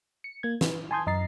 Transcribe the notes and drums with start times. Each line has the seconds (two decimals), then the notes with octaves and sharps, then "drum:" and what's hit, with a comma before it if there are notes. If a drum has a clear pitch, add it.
0.24 C#7
0.43 A#3 G#6
0.61 B4, drum: snare
0.91 G#5 A5 C6 D#6 G6 G#6
1.07 F#2 D#5 A#5 A6 C7